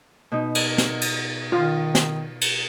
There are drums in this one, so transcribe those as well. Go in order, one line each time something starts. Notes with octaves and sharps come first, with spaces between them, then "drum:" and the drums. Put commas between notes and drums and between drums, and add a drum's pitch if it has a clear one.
B2 D#4
drum: cymbal
drum: snare
drum: cymbal
D#3 F4 F5
drum: snare
drum: cymbal